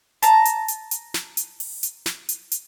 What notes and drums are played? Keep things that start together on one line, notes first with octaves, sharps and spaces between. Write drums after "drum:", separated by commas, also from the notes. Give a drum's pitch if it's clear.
A5 A#5, drum: hi-hat
drum: hi-hat
drum: hi-hat
drum: hi-hat
drum: snare
drum: hi-hat
drum: open hi-hat
drum: hi-hat
drum: snare
drum: hi-hat
drum: hi-hat